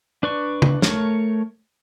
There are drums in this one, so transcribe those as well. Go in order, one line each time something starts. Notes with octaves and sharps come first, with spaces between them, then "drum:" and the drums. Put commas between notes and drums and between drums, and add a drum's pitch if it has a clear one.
D4 B4 D5 C#6
drum: tom
A3 A#4 C#5, drum: snare